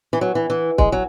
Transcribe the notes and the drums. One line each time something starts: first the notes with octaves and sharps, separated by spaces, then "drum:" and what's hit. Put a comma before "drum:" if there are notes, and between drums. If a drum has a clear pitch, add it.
E3
F#3
E3
E3
G#3, drum: kick
F#3